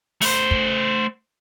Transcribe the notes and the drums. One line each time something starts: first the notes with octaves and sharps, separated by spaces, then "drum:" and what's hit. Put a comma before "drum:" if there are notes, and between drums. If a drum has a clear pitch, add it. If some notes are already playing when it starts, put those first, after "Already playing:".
A3 C5, drum: open hi-hat
drum: kick